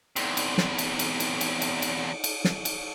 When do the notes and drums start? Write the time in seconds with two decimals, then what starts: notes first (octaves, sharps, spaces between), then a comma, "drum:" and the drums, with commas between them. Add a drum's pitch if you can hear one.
0.16 E2 C3, drum: cymbal
0.37 drum: cymbal
0.58 drum: snare
0.78 drum: cymbal
0.99 drum: cymbal
1.20 drum: cymbal
1.41 drum: cymbal
1.61 drum: cymbal
1.82 drum: cymbal
2.24 drum: cymbal
2.44 drum: snare
2.65 drum: cymbal